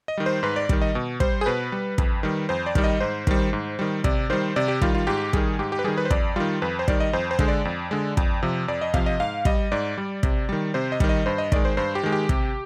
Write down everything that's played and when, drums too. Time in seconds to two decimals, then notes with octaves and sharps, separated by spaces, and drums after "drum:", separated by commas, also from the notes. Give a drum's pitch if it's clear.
0.08 D#5
0.18 D#3 G3
0.26 C5
0.43 G#2 B4
0.56 D5
0.69 D#3 G3, drum: kick
0.82 D#5
0.95 B2
1.20 G3 C5, drum: kick
1.41 G#4
1.46 B2 B4
1.72 G3
1.98 F2, drum: kick
2.23 D#3 G3
2.49 F2 C5
2.66 D5
2.75 D#3 G3, drum: kick
2.84 D#5
3.00 G#2 C5
3.27 D#3 G3, drum: kick
3.53 G#2
3.79 D#3 G3
4.04 C3 D5, drum: kick
4.30 D#3 G3 C5
4.56 C3 D5
4.68 G4
4.81 D#3 G3 F4, drum: kick
4.95 F4
5.07 G#2 G4
5.33 D#3 G3 G#4, drum: kick
5.59 G#2 G4
5.72 G4
5.79 B4
5.84 D#3 G3 G#4
5.97 B4
6.05 C5
6.10 F2 D5, drum: kick
6.36 D#3 G3 F4
6.62 F2 B4
6.79 C5
6.88 D#3 G3 D5, drum: kick
7.00 D#5
7.13 F2 C5
7.31 C5
7.39 D3 G#3, drum: kick
7.48 D5
7.65 F2
7.91 D3 G#3
8.17 F2, drum: kick
8.43 C3 F3
8.68 F2 D5
8.81 D#5
8.94 C3 F3 F5, drum: kick
9.06 D#5
9.20 G#2 F5
9.45 G3 D#5, drum: kick
9.72 G#2 D5
9.98 G3
10.23 C3, drum: kick
10.49 D#3 G3
10.74 C3 C5
10.92 D#5
11.00 D#3 G3, drum: kick
11.09 D#5
11.26 G2 C5
11.38 D#5
11.52 D#3 G#3 D5, drum: kick
11.65 C5
11.77 G2 C5
11.95 G4
12.03 D#3 G#3
12.12 G4
12.29 C3, drum: kick